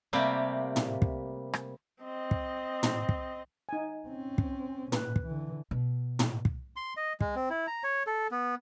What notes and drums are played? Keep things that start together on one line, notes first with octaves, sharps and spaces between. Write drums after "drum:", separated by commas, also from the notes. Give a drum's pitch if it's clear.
C3 G3 A3 A#3
drum: tom
drum: kick
drum: rim click
C4 D#5
drum: kick
drum: tom
drum: kick
D#4 G#5
C4 C#4
drum: kick
A#2 B4, drum: tom
drum: kick
D3 E3
B2
drum: tom
drum: kick
C6
D#5
G#3, drum: kick
C4
E4
A#5
C#5
A4
B3